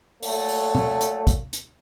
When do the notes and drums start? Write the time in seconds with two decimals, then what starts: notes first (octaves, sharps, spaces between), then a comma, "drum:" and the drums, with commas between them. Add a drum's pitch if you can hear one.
0.23 A#2 F#3 A3, drum: open hi-hat
0.49 drum: open hi-hat
0.75 drum: tom A#2
1.01 drum: hi-hat
1.27 drum: kick, hi-hat
1.53 drum: hi-hat